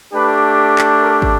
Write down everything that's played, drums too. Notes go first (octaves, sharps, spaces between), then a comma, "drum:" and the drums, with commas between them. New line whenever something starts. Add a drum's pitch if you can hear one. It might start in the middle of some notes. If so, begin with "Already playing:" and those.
A3 D4 G4 B4
drum: clap
A#4
drum: kick